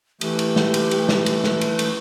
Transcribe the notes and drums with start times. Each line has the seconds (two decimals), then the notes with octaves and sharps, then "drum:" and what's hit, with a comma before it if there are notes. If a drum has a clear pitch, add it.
0.21 E3 A3 G4, drum: cymbal
0.39 drum: cymbal
0.56 drum: snare
0.74 drum: cymbal
0.91 drum: cymbal
1.09 drum: snare
1.26 drum: cymbal
1.44 drum: snare
1.61 drum: cymbal
1.79 drum: cymbal